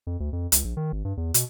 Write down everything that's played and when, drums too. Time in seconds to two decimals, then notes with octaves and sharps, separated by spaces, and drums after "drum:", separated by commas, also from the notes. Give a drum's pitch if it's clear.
0.07 F2
0.20 D2
0.33 F2
0.52 C#2, drum: hi-hat
0.64 A#1
0.77 D#3
0.92 G#1
1.05 G2
1.17 E2
1.34 B2, drum: hi-hat